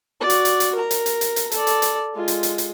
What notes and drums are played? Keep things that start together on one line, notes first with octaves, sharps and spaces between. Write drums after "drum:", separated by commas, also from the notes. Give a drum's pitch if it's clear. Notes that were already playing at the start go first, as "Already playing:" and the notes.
F#4 D5
drum: hi-hat
drum: hi-hat
drum: hi-hat
A#4 A#5
drum: hi-hat
drum: hi-hat
drum: hi-hat
drum: hi-hat
A4 D5, drum: hi-hat
drum: hi-hat
drum: hi-hat
G#3 F4
drum: hi-hat
drum: hi-hat
drum: hi-hat